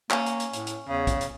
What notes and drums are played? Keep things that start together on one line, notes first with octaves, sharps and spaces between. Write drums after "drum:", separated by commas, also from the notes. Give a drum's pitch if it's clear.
A#3 C#4, drum: clap
drum: hi-hat
drum: hi-hat
A2, drum: hi-hat
drum: hi-hat
E2 C#3
drum: kick A#1, hi-hat
drum: hi-hat